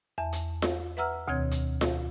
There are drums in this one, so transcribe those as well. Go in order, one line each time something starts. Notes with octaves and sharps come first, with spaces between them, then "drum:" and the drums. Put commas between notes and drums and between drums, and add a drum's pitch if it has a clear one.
E2 E5 A5
drum: hi-hat
drum: snare F4
B4 E5 F#5 A#5 E6 F6
D2 B2 D#3 C4 C#5 G#6
drum: hi-hat
drum: snare F4